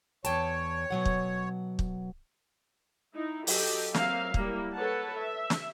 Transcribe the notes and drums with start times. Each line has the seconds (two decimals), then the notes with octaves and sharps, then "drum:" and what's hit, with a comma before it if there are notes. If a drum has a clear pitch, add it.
0.25 E2 C#5 G5 A5, drum: hi-hat
0.91 B2 F#3 F#5
1.05 drum: kick
1.79 drum: kick
3.12 D#4 E4
3.47 F#3 G4 A4 D#5, drum: open hi-hat
3.94 F#3 A#3 C4 E5 F5, drum: snare
4.34 G3 A#3 E4, drum: kick
4.73 A4 B4 C#5 F#5 A5
5.16 E5
5.50 drum: snare